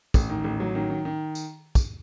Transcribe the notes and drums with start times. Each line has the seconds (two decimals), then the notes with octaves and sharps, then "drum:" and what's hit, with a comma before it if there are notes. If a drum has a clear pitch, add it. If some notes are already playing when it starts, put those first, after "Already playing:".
0.14 A1, drum: kick, tambourine
0.30 D#3
0.44 A1
0.60 F#3
0.75 D#3
0.90 D#3
1.05 D#3
1.35 drum: tambourine
1.75 drum: kick, tambourine